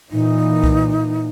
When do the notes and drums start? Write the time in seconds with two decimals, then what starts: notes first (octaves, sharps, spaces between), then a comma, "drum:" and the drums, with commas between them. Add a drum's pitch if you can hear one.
0.11 A#2 E3 D#4
0.64 drum: kick C2